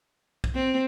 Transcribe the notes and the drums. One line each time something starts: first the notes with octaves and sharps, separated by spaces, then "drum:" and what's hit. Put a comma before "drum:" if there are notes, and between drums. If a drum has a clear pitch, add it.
drum: kick
C4